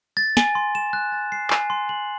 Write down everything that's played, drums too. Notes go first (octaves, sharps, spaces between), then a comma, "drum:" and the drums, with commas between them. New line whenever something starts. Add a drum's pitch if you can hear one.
A6
G#5, drum: snare
C6
E7
F#6
A6
C7
G#5, drum: clap
C6
F#7